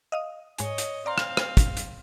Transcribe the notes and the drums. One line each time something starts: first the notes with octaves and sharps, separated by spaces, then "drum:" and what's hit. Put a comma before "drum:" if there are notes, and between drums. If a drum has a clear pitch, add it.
D#5 F5 D#6
G#2 C#5 D#5 G#5, drum: hi-hat
drum: hi-hat
C4 D5 F5 A#5 C6
drum: rim click
drum: rim click
drum: kick, hi-hat
drum: hi-hat